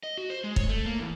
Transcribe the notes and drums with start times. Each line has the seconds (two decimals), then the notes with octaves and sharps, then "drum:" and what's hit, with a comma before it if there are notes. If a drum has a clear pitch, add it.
0.03 D#5
0.18 F#4
0.30 C5
0.44 G#3
0.56 C#5, drum: kick
0.69 A3
0.86 A#3
0.99 E2